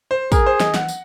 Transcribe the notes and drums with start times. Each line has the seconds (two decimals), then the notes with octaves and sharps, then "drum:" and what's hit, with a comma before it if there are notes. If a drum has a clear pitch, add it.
0.11 C5
0.32 G#4 A#4, drum: kick, tambourine
0.46 C5
0.60 D#5, drum: snare
0.74 F#5, drum: snare
0.88 drum: tambourine